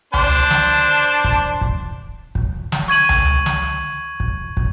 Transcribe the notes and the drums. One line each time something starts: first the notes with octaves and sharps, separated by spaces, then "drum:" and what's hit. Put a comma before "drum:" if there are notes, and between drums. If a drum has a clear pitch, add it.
D4 C5 A5, drum: tom C#2
drum: snare
drum: kick
drum: kick
drum: kick
drum: snare
C#6 G#6 D#7 F#7
drum: tom C#2
drum: snare
drum: kick
drum: kick